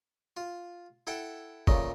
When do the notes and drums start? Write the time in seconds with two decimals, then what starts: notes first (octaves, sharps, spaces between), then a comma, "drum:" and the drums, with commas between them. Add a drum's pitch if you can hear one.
0.37 F4
1.07 E4 A4 F#5 G5
1.67 A#2 C#3 A3 D#5, drum: kick